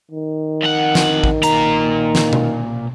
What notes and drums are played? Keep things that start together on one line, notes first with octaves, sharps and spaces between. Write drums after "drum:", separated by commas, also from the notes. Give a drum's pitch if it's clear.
D#3
F2 F#5
drum: snare
drum: kick
A#2 A#5, drum: hi-hat
drum: snare
drum: tom B2